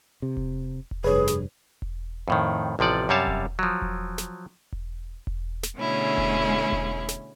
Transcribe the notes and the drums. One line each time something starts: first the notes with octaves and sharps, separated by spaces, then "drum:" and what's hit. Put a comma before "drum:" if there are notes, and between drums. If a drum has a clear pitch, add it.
C3
drum: kick E1
drum: kick E1
F1 G2 G#4 B4 C#5
drum: snare
drum: kick E1
F2 A2 D#3
A1 C3 F3 D5 F#5
F#2 C3 G3 C#5 F5 A5
drum: kick E1
F3 F#3
drum: kick E1
drum: snare
drum: kick E1
drum: kick E1
drum: snare
B2 D3 A3 C#4 E4 G#4
drum: kick E1
drum: kick E1
drum: snare